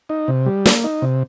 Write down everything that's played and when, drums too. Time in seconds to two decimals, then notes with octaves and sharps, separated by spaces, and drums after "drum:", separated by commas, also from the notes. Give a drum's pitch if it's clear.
0.09 D#4
0.28 C3
0.46 G3
0.66 A#3, drum: snare
0.84 D#4
1.02 C3